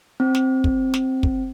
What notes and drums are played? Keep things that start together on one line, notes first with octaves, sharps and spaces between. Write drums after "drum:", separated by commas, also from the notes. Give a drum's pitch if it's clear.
C4
drum: snare
drum: kick
drum: snare
drum: kick